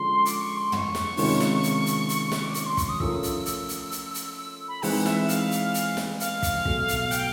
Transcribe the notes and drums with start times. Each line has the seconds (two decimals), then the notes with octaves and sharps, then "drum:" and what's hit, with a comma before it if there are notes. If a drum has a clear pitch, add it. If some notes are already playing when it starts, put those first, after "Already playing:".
Already playing: D3 F3 G#3 C#4 C6
0.26 D6, drum: hi-hat
0.41 C#6
0.57 C6
0.72 C#6, drum: tom
0.95 drum: snare
1.17 C3 D#3 G#3 C#4 F4, drum: open hi-hat
1.40 drum: snare
1.63 drum: hi-hat
1.86 drum: hi-hat
2.09 drum: hi-hat
2.32 drum: snare
2.43 D6
2.54 C#6, drum: hi-hat
2.66 C6
2.77 C#6, drum: kick, hi-hat
2.89 D#6
3.00 F3 A3 C#4 F4 A#4 E6, drum: kick
3.23 drum: hi-hat
3.45 E6, drum: hi-hat
3.69 drum: hi-hat
3.91 drum: hi-hat
4.14 drum: hi-hat
4.37 E6
4.68 B5
4.83 E3 G#3 C4 D#4 F#5, drum: open hi-hat
5.06 E5, drum: snare
5.29 F5, drum: hi-hat
5.51 drum: hi-hat
5.74 drum: hi-hat
5.97 drum: snare
6.20 F5, drum: hi-hat
6.42 drum: kick, hi-hat
6.65 B2 F#3 A3, drum: kick
6.88 drum: hi-hat
7.11 G5, drum: hi-hat